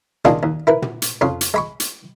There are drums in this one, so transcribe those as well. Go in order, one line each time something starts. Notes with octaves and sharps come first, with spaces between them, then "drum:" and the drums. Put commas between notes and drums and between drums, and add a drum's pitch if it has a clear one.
C#2 D#3 A#3 D4 F4 G#4, drum: rim click
D#2
E4 A#4 B4
drum: tom
drum: hi-hat
F2 C#3 F4 F5
drum: hi-hat
G#3 B5 C#6
drum: hi-hat